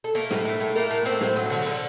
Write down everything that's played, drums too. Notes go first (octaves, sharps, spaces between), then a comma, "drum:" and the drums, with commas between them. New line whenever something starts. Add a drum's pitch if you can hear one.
A4
A3 A#3 A#4, drum: hi-hat
A2, drum: snare
A3
A2
A3 A#3 A#4, drum: hi-hat
A2, drum: hi-hat
A3 C4 C5, drum: hi-hat
A2, drum: snare
F#3, drum: hi-hat
D3, drum: open hi-hat
D3, drum: hi-hat